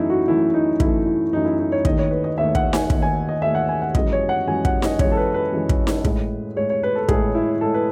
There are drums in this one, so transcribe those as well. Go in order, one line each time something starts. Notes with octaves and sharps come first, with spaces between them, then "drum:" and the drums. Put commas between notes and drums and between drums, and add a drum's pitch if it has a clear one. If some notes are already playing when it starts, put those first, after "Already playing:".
Already playing: F#2 E3 A3 D#4 E4
F#4
F#2 E3 A3 E4
D#4
F#2 E3 A3 E4, drum: kick
E4
F#2 E3 A3 D#4
E4
D#4
C#5
D#2 D#3 A3 D#5, drum: kick
C#5
B4
D#5
D#2 D#3 A3 E5
F#5, drum: kick
G#5, drum: snare D#4
D#2 D#3 A3, drum: kick
G#5
D#5
D#2 D#3 A3 E5
F#5
G#5
F#5
F#2 E3 G#3 D#5, drum: kick
C#5
F#5
F#2 E3 G#3 G#5
F#5, drum: kick
D#5, drum: snare D#4
F#2 E3 G#3 C#5, drum: kick
A4
B4
B4
F#2 E3 G#3
drum: kick
drum: snare D#4
A2 G#3, drum: kick
A2 G#3 C#5
C#5
B4
A4
A2 G#3 G#4, drum: kick
E4
A2 G#3 A4
B4